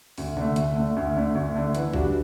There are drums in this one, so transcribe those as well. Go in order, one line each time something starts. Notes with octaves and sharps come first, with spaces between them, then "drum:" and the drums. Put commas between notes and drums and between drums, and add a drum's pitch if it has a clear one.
D2, drum: open hi-hat
D3 A3, drum: tom C3
D2, drum: hi-hat
D3 A3
D2
D3 A3
D2
D3 A3
E3, drum: hi-hat
G3 D4 F#4, drum: kick A#1